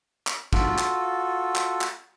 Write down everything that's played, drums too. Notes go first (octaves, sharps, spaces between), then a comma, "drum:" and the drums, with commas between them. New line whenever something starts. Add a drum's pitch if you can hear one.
drum: clap
F4 F#4 A4, drum: kick
drum: clap
drum: clap
drum: clap